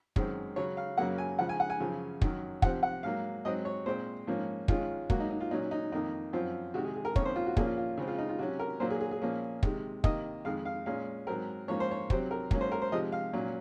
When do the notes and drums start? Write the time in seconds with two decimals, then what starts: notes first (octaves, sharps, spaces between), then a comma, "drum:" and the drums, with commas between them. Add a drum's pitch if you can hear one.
0.16 F#2 D#3 G#3 C4, drum: kick
0.56 C#3 F#3 C#4 C#5
0.77 F5
0.98 F#2 C#3 F#3 A#3 F#5
1.18 G#5
1.39 C#3 F3 G#3 F#5
1.49 G#5
1.60 F#5
1.70 G#5
1.80 F#2 C#3 F3
2.21 F#2 D#3 F#3, drum: kick
2.62 C3 F3 C4 F#5, drum: kick
2.83 F#5
3.03 G#2 F#3 A#3 F5
3.45 G#2 F#3 C4 D#5
3.65 C#5
3.86 A#2 G#3 C4 C5
4.27 G#2 F3 A#3 C#4
4.68 G#2 D#3 G#3 C#4 F4, drum: kick
5.10 G#2 F#3 A#3 F#4, drum: kick
5.20 D#4
5.30 D#4
5.41 F4
5.51 A#2 F#3 C#4 D#4
5.71 D#4
5.92 F2 D#3 A#3 D#4
6.33 F#2 F3 C4 F4
6.74 C3 D#3 G#3 F#4
6.84 G#4
6.95 G#4
7.05 A#4
7.16 F2 D#3 A#3 C#4 C#5, drum: kick
7.25 C5
7.36 F4
7.46 F#4
7.57 A#2 F3 A#3 C#4 G#4, drum: kick
7.67 F4
7.77 F4
7.97 C#3 G#3 C4 G#4
8.08 F4
8.18 D#4
8.29 F4
8.39 C3 F#3 C#4 F#4
8.59 A#4
8.80 A#2 F#3 A#3 C5
8.90 G#4
9.01 G#4
9.11 G#4
9.22 A#2 F3 A#3 C#4
9.63 C3 D#3 G#3, drum: kick
10.04 C3 D#3 A#3 D#5, drum: kick
10.45 F2 D#3 G#3 F5
10.66 F5
10.86 A#2 G#3 C#4 F5
11.27 G#2 F#3 C4 A#4
11.68 G#2 F3 A#3 C#4 C#5
11.80 C5
11.91 C#5
12.10 C3 F#3 C4 C5, drum: kick
12.31 A#4
12.51 G#2 F#3 A#3 C#4, drum: kick
12.61 C5
12.72 A#4
12.82 C5
12.92 C3 F3 G#3 D#5
13.12 F5
13.33 A#2 F#3 C#4